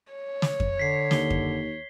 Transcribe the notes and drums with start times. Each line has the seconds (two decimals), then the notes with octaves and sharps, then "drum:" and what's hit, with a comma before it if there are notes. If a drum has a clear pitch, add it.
0.13 C#5
0.42 drum: snare
0.60 drum: kick F2
0.77 D3 G#6 B6 C7
1.11 D#2 G7, drum: snare
1.30 drum: kick F2